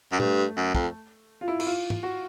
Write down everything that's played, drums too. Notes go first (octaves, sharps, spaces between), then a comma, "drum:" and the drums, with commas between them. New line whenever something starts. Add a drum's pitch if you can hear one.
F#2
G2 A3, drum: tom
F#2
F2, drum: kick
F4
E4
E4, drum: cymbal
F4
drum: tom G#2
F#4